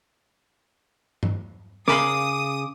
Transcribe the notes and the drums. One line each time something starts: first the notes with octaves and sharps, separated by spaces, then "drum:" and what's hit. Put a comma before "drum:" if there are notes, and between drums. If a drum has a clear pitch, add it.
drum: tom G2
C#3 G#4 A#4 B5 C6 D6 D#6, drum: snare